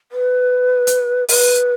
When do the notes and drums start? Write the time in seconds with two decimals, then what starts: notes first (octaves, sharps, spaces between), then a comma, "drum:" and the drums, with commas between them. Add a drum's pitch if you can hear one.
0.12 B4
0.87 drum: hi-hat
1.29 B4, drum: open hi-hat